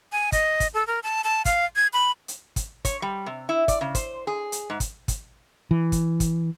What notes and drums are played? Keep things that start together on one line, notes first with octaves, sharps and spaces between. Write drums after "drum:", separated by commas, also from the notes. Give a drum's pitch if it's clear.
G#5
D#5, drum: kick, hi-hat
drum: kick, hi-hat
A4
A#4
A5
A5
F5, drum: kick, hi-hat
G#6
B5
drum: hi-hat
drum: kick, hi-hat
C#5, drum: kick, hi-hat
G3
C3
E4
D5, drum: kick, hi-hat
C#3
C5, drum: kick, hi-hat
G#4
drum: hi-hat
G#2
drum: kick, hi-hat
drum: kick, hi-hat
E3
drum: kick, hi-hat
drum: kick, hi-hat